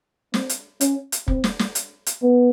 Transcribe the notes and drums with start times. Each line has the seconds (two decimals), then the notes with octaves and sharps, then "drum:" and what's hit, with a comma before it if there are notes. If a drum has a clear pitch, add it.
0.34 C4, drum: snare
0.49 drum: hi-hat
0.81 C#4, drum: hi-hat
1.12 drum: hi-hat
1.28 C4, drum: kick
1.44 drum: snare
1.59 drum: snare
1.75 drum: hi-hat
2.06 drum: hi-hat
2.22 B3